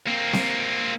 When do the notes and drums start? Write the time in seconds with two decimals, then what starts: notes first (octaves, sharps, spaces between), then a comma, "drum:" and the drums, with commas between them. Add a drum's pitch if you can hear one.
0.07 A#3 C4
0.33 drum: snare C4